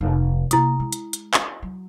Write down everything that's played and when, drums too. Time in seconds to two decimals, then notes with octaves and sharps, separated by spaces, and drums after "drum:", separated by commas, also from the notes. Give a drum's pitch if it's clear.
0.01 F1
0.51 C3 A#3 E4 D#6, drum: hi-hat
0.80 G#3
0.92 drum: hi-hat
1.13 drum: hi-hat
1.34 drum: clap
1.62 F#3